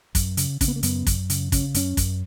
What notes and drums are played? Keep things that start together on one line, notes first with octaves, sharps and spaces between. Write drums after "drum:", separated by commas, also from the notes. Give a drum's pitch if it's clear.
F#2, drum: kick, hi-hat
C#3, drum: hi-hat
C#3 C#4, drum: kick, hi-hat
B3
A#3
F#2 B3, drum: hi-hat
F#2, drum: kick, hi-hat
C#3, drum: hi-hat
C#3 C#4, drum: kick, hi-hat
F#2 C#4, drum: hi-hat
F#2, drum: kick, hi-hat